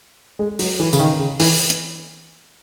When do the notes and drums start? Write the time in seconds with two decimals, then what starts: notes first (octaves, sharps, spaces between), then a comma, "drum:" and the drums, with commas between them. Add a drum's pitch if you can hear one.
0.39 G#3
0.59 F#3, drum: open hi-hat
0.80 E3
0.93 C#3, drum: tambourine
0.99 D#3
1.19 C#3
1.40 E3, drum: open hi-hat
1.70 drum: hi-hat